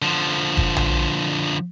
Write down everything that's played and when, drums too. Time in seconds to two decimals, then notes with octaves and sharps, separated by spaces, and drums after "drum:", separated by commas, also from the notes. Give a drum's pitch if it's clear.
0.02 D3 F3
0.57 drum: kick
0.76 drum: tom A#1